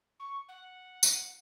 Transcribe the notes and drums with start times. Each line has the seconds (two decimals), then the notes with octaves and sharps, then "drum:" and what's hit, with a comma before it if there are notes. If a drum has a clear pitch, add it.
0.20 C#6
0.49 F#5
1.03 drum: tambourine